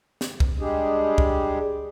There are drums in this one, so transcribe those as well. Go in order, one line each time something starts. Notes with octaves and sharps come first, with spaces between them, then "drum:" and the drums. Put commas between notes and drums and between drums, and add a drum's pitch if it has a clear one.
drum: snare
drum: kick
G3 G#3 D4 G4 G#4
drum: kick